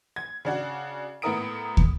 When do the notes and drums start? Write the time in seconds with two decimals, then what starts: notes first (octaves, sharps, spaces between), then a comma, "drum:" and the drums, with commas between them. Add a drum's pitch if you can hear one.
0.16 G#6
0.45 C#3 D4 F#4
1.22 A2 B3 E4 A#4 D#6 D7
1.77 drum: kick